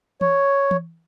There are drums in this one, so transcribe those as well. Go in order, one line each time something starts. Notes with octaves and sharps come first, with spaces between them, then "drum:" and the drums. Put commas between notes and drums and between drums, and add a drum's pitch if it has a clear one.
C#5, drum: tom E3
drum: tom E3